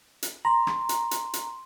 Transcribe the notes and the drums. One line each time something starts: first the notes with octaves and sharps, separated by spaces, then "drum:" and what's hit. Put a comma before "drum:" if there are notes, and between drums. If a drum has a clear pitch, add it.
drum: hi-hat
A#5 C6
drum: rim click
drum: hi-hat
drum: hi-hat
drum: hi-hat